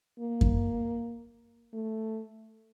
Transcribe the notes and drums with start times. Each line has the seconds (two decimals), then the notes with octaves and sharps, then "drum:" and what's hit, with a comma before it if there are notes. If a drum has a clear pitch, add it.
0.20 A#3
0.41 drum: kick F#2
1.73 A3